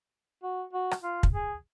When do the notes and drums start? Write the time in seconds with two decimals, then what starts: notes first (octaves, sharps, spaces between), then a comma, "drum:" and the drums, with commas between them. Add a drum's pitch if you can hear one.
0.43 F#4
0.73 F#4
0.91 drum: rim click
1.03 F4
1.23 drum: kick
1.34 G#4